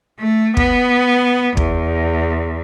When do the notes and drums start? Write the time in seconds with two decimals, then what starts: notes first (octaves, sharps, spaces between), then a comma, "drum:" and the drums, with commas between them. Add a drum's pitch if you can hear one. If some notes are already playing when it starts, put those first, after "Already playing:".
0.20 A3
0.57 B3, drum: kick
1.57 E2, drum: kick